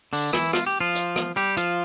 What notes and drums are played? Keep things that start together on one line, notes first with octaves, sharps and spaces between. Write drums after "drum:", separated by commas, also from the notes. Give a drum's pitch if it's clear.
D3 D4, drum: open hi-hat
E3 E4, drum: rim click
F4, drum: rim click
G4
F3 F4
drum: hi-hat
drum: rim click
G3 G4, drum: hi-hat
F3 F4, drum: hi-hat